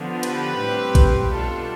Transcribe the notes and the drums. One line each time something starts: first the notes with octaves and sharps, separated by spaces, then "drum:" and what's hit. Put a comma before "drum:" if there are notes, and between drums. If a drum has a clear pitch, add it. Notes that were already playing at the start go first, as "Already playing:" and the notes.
Already playing: D3 F3 B3
G4 B4, drum: cymbal
A2 G3 C4
drum: kick A#1, cymbal
B2 G3 D4 F4 A4